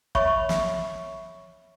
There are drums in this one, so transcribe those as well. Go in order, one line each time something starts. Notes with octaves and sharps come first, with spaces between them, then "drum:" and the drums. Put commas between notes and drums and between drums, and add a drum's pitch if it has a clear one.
C#5 E5 B5 C#6, drum: kick
drum: snare